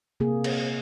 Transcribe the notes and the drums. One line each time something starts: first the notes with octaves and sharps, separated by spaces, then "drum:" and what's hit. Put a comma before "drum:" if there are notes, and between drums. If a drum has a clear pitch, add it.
C3 A#3 G#4
drum: cymbal